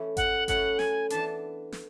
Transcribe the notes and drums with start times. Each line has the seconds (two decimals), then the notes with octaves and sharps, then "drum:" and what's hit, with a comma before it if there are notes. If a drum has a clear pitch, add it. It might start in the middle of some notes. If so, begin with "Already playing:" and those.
Already playing: E3 A3 C#4 E4
0.17 F#5, drum: kick G#1, hi-hat
0.48 F#3 A3 C#4 E4 F#5, drum: kick G#1, hi-hat
0.79 G#5, drum: snare
1.10 E3 B3 D4 A5, drum: hi-hat
1.72 drum: snare